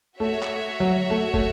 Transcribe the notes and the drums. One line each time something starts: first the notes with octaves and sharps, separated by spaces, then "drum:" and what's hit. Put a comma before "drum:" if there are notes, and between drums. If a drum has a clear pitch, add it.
A3 F#4 C#5 E5
drum: clap
F#3
A3
A3, drum: kick